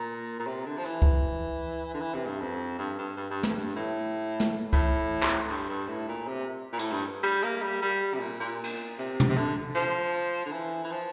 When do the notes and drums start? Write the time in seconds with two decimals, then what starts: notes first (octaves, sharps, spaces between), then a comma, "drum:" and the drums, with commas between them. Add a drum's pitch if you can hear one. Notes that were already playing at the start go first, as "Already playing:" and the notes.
Already playing: A#2
0.40 A#2
0.47 C3
0.66 D3
0.78 F3
0.85 E3, drum: hi-hat
1.02 drum: kick C#2
1.94 D3
2.01 E3
2.14 C3
2.27 G2
2.40 F2
2.79 G2
2.99 G2
3.17 G2
3.31 G2
3.43 F2, drum: snare
3.57 G2
3.76 A2
4.40 drum: snare
4.73 A2, drum: kick C#2
5.23 drum: clap
5.49 G2
5.69 G2
5.88 A2
6.08 A#2
6.28 C3
6.73 A#2
6.79 A2, drum: cymbal
6.91 G2
7.23 G3
7.44 A#3
7.62 G3
7.82 G3
8.15 C3
8.20 A#2
8.40 A#2
8.64 drum: cymbal
8.99 C3
9.20 drum: tom
9.30 C3
9.37 D3, drum: hi-hat
9.75 F3
10.46 D3
10.52 E3
10.84 E3
10.92 F3